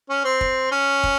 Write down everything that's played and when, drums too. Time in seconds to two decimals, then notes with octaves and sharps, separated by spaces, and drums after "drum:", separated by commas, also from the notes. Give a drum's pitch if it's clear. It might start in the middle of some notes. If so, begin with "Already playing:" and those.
0.10 C#4
0.25 C4
0.41 drum: kick
0.72 C#4
1.04 drum: kick